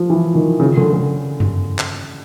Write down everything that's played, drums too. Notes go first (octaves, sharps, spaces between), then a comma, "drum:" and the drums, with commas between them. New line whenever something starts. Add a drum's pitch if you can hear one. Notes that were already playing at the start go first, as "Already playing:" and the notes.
Already playing: F3
E3
D#3
C#3
D3
D3
drum: tom G2
drum: clap